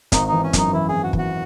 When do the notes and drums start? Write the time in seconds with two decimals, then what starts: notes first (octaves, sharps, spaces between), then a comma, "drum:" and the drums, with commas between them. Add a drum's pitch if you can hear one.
0.12 G#1 D#4, drum: kick, hi-hat
0.28 E3 D#4
0.43 C#4
0.53 F#2 D#4, drum: kick, hi-hat
0.73 E3 E4
0.88 G#1 G#4
1.03 F#4
1.13 E3, drum: kick
1.18 F#4